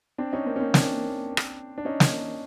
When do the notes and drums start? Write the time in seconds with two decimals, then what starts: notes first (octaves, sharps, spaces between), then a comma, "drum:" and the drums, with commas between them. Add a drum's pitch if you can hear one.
0.18 C4 D4
0.33 C#4 D#4
0.46 A#3 C4
0.56 C#4
0.60 A#3 C4
0.74 C4 D4, drum: snare
1.37 drum: rim click
1.78 D4
1.85 C#4 D#4
2.00 drum: snare